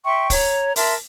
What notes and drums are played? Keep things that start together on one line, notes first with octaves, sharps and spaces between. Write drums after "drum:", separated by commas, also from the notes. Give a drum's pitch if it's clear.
E5 G5 C6 C#6
C#5 A#5, drum: kick, open hi-hat
A#4 E5 A5 C6, drum: open hi-hat